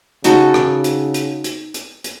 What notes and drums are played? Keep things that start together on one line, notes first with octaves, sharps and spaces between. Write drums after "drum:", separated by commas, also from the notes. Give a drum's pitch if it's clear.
C#3 D#4 F#4 A4, drum: hi-hat
drum: rim click
drum: hi-hat
drum: hi-hat
drum: hi-hat
drum: hi-hat
drum: hi-hat